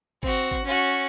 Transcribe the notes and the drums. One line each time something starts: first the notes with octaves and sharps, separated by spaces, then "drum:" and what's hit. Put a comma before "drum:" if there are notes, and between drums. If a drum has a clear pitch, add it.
C4 F#4, drum: kick G#1
drum: kick G#1
C#4 F#4